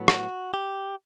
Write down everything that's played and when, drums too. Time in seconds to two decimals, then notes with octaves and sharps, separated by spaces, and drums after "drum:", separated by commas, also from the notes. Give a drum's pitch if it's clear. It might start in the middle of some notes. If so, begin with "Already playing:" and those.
Already playing: A2 F#3 B3
0.08 F#4, drum: rim click
0.54 G4